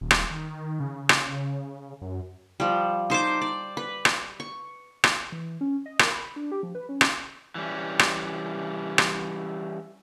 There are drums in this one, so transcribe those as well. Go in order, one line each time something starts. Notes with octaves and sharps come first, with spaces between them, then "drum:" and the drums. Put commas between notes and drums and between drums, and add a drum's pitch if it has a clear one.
D#1
drum: rim click
D#3
C#3
drum: rim click
F#2
F3 G3
D#4 C5 A5 D6
D5
B4
drum: rim click
C#6
drum: rim click
E3
C#4
D#5
A#4, drum: rim click
B5
D4
G4
F3
B4
C#4
drum: rim click
E3 G3 C#4
drum: rim click
drum: rim click